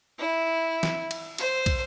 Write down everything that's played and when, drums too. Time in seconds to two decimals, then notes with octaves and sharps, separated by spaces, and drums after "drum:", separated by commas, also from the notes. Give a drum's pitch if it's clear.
0.18 E4
0.83 drum: snare
1.11 drum: cymbal
1.38 C5, drum: cymbal
1.66 drum: kick, cymbal